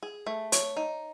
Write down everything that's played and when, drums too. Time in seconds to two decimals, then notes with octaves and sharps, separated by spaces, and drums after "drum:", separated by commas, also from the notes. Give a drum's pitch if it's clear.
0.03 G#4
0.27 A3
0.52 C#5, drum: hi-hat
0.77 D#4